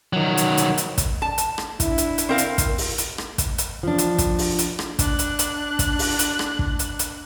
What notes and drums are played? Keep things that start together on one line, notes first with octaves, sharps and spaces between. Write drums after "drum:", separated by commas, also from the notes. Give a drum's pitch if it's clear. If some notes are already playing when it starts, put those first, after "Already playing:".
D#3 F#3
drum: hi-hat
drum: hi-hat
drum: hi-hat
drum: kick, hi-hat
A5
drum: hi-hat
drum: rim click
D4 E4, drum: kick, hi-hat
drum: hi-hat
drum: hi-hat
C4 A#4 F5
drum: hi-hat
drum: kick, hi-hat
drum: open hi-hat
drum: hi-hat
drum: rim click
drum: kick, hi-hat
drum: hi-hat
F3 D4
drum: hi-hat
drum: kick, hi-hat
drum: open hi-hat
drum: hi-hat
drum: rim click
D4 F#6, drum: kick, hi-hat
drum: hi-hat
drum: hi-hat
drum: kick, hi-hat
drum: open hi-hat
drum: hi-hat
drum: rim click
drum: kick
drum: hi-hat
drum: hi-hat